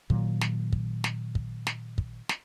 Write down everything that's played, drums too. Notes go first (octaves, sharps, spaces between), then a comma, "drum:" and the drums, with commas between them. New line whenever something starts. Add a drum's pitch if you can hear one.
A#2 D#3 F#3, drum: kick
drum: snare
drum: kick
drum: snare
drum: kick
drum: snare
drum: kick
drum: snare